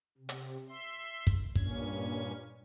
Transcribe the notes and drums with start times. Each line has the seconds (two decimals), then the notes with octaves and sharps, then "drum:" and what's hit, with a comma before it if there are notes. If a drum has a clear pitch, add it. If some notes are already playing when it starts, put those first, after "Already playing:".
0.18 C3
0.29 drum: hi-hat
0.69 E5 C6
1.27 drum: kick
1.55 G2 A#2 C#4 G#6, drum: kick